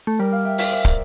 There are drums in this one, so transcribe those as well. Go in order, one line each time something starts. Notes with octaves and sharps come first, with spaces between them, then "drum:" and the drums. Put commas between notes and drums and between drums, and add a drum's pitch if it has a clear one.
A3
G3 A#4 D5
D5 F5
E5 G5
D5 F5, drum: open hi-hat
C5 E5
A#4 D5, drum: kick